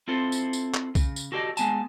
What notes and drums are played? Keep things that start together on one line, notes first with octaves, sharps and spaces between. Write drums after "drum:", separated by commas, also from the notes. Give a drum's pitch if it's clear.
C4 E4 F4 A4 C5
drum: tambourine
drum: tambourine
drum: clap
C#3, drum: kick, tambourine
drum: tambourine
F#4 G4 A4 C5 D5 D#5
G#3 B3 G#5 A5, drum: tambourine